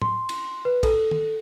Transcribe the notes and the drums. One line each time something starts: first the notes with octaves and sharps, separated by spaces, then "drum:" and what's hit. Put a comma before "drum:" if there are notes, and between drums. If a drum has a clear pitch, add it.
C6, drum: tom
drum: cymbal
B4
A4, drum: kick, cymbal
drum: tom